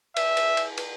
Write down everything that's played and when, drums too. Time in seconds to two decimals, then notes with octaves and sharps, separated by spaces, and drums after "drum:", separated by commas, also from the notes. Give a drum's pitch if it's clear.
0.16 E5, drum: cymbal
0.37 drum: cymbal
0.57 drum: cymbal
0.77 drum: cymbal